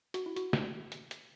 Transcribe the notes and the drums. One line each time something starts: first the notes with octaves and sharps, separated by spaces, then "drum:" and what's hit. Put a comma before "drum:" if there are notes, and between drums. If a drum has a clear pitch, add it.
F#4, drum: hi-hat
E4
F#4, drum: hi-hat
drum: snare
drum: hi-hat
drum: hi-hat